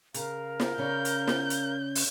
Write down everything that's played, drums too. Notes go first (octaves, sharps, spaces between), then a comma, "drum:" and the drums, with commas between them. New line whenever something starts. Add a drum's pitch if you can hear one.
C#3 A#4 F5 A#5, drum: hi-hat
drum: snare
C#3 C#4 D5 G6
drum: hi-hat
drum: snare
drum: hi-hat
drum: open hi-hat